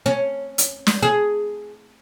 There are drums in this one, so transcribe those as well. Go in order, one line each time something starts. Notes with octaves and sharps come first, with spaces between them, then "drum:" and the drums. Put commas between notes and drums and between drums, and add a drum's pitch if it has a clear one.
C#4
drum: hi-hat
drum: snare
G#4